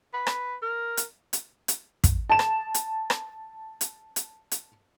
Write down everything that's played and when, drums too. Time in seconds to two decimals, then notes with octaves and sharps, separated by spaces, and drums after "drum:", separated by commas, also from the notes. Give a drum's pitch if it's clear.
0.14 B4
0.27 drum: rim click
0.62 A#4
0.97 drum: hi-hat
1.33 drum: hi-hat
1.68 drum: hi-hat
2.04 drum: kick, hi-hat
2.30 A5 E7
2.39 drum: rim click
2.74 drum: hi-hat
3.10 drum: rim click
3.81 drum: hi-hat
4.16 drum: hi-hat
4.51 drum: hi-hat